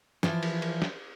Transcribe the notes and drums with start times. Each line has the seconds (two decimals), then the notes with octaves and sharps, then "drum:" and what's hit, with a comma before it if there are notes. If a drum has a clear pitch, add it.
0.23 E3 F3, drum: snare
0.43 drum: cymbal
0.62 drum: cymbal
0.82 drum: snare